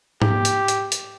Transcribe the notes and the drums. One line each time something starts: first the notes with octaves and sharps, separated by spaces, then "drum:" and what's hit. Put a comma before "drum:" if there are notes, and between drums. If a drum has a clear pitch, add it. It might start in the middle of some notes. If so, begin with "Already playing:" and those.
G4, drum: tom G#2
drum: hi-hat
drum: hi-hat
drum: hi-hat